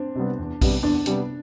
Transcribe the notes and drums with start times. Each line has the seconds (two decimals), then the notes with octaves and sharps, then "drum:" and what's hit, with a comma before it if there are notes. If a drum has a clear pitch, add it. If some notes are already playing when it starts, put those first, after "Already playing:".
Already playing: C4 D4
0.15 C3 G3 B3
0.39 E2
0.61 C3 G3 B3, drum: kick A#1, open hi-hat
0.83 E2 D4
1.06 C3 G3 B3, drum: hi-hat